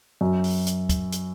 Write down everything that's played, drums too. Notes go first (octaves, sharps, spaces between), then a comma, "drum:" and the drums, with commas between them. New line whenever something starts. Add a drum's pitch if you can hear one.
F#2
drum: open hi-hat
drum: hi-hat
drum: kick, hi-hat
drum: hi-hat